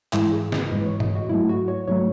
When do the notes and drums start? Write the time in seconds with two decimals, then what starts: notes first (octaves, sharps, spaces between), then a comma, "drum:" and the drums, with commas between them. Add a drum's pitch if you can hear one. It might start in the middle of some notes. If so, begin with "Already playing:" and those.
0.13 G#2 E3 G#3 E4, drum: clap
0.32 G#4
0.52 D#5, drum: snare
0.71 G#2 E3 G#3 B4
0.86 C#5
1.00 D#5, drum: tom G2
1.15 F#4
1.29 G#2 F#3 A3 E4
1.49 F#4
1.68 C#5
1.88 G#2 F#3 A3 C#5